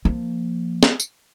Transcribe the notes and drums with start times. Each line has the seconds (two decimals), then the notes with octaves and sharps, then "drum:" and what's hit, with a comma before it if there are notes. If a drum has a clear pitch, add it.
0.05 F3 A#3
0.83 drum: snare
1.00 drum: tambourine